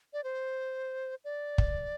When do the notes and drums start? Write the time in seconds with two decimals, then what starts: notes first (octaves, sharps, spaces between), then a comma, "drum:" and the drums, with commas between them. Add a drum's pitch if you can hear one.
0.13 D5
0.24 C5
1.25 D5
1.58 drum: kick